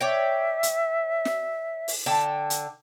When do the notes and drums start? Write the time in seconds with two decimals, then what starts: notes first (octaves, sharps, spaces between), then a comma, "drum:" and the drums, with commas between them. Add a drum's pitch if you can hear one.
0.01 C#5 D5 E5 G5
0.63 drum: hi-hat
1.25 drum: snare
1.88 drum: open hi-hat
2.06 D3 G5 A5
2.50 drum: hi-hat